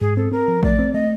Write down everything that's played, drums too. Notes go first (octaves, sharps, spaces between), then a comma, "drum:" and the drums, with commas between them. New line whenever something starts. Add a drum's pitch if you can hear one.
G#2 G#4
C4 A4
C4 A#4
F3
A3 D5, drum: kick A1
C4
A3 D#5